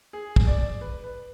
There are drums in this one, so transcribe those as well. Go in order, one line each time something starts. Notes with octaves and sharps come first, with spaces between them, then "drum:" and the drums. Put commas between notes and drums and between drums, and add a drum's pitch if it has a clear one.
G#4
drum: kick
D5
B4
B4